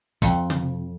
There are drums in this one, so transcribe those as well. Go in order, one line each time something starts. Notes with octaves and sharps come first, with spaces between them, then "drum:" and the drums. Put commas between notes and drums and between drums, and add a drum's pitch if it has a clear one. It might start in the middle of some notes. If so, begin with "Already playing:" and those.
F2, drum: kick, hi-hat
drum: tom C3